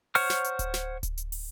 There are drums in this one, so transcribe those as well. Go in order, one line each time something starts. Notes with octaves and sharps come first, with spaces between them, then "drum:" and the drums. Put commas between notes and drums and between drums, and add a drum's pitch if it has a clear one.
C5 C#5 F#5 C#6 F6, drum: open hi-hat
drum: snare
drum: hi-hat
drum: kick D1, hi-hat
drum: snare
drum: kick D1, hi-hat
drum: hi-hat
drum: open hi-hat